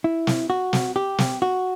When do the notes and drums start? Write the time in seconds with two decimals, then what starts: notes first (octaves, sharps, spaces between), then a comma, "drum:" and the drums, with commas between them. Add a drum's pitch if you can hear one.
0.04 E4
0.27 drum: snare
0.50 F#4
0.73 drum: snare
0.96 G4
1.18 drum: snare
1.42 F#4